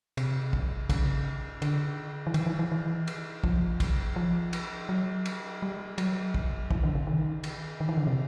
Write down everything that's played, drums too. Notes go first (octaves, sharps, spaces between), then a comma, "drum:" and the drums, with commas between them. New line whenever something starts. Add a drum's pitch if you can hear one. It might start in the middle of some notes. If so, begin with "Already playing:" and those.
C3, drum: cymbal
drum: kick
C#3, drum: kick, cymbal
D3, drum: cymbal
E3
D#3, drum: cymbal
E3
E3
E3
drum: cymbal
F3, drum: kick
drum: kick, cymbal
F3
drum: cymbal
F#3
drum: cymbal
G3
F#3, drum: cymbal
drum: kick
E3, drum: kick
D3
C#3
D#3
drum: cymbal
D#3
E3
D3
C3